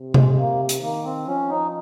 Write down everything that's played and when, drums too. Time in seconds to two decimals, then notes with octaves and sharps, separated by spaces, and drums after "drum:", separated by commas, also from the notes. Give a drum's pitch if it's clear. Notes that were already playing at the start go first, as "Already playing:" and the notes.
Already playing: C3
0.14 G#3, drum: tom C3
0.32 G#3
0.37 A#3
0.69 drum: hi-hat
0.81 D#3 A#3
1.04 C4
1.27 F3 C#4
1.49 D#4